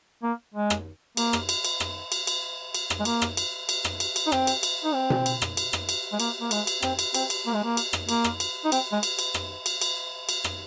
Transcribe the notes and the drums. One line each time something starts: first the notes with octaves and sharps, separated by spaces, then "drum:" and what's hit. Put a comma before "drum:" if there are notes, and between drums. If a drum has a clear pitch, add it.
A#3
G#3
drum: rim click
A#3, drum: cymbal
drum: rim click
drum: cymbal
drum: cymbal
drum: rim click
drum: cymbal
drum: cymbal
drum: cymbal
drum: rim click
G#3
A#3, drum: cymbal
drum: rim click
drum: cymbal
drum: cymbal
drum: rim click
drum: cymbal
drum: cymbal
D#4
C4, drum: rim click
drum: cymbal
drum: cymbal
D#4
C4
drum: tom B2
drum: cymbal
drum: rim click
drum: cymbal
drum: rim click
drum: cymbal
G#3
A#3, drum: cymbal
A#3
G#3, drum: cymbal
drum: cymbal
C4, drum: rim click
drum: cymbal
C4, drum: cymbal
drum: cymbal
A#3
G#3
A#3
drum: cymbal
drum: rim click
A#3, drum: cymbal
drum: rim click
drum: cymbal
D#4
C4, drum: cymbal
G#3
drum: cymbal
drum: cymbal
drum: rim click
drum: cymbal
drum: cymbal
drum: cymbal
drum: rim click